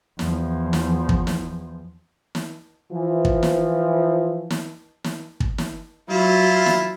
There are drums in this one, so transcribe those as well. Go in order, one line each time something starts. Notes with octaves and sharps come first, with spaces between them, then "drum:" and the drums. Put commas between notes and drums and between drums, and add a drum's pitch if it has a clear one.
E2 F3, drum: snare
drum: snare
drum: kick
drum: snare
drum: snare
E3 F3
drum: kick
drum: snare
drum: snare
drum: snare
drum: kick
drum: snare
F#3 E4 F4
drum: snare